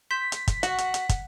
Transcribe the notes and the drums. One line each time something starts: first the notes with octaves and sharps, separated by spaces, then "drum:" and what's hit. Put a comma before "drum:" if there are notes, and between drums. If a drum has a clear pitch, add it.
C6 G6 B6 E7
drum: hi-hat
drum: kick, hi-hat
F#4 F#5, drum: hi-hat
drum: hi-hat
drum: hi-hat
drum: kick, hi-hat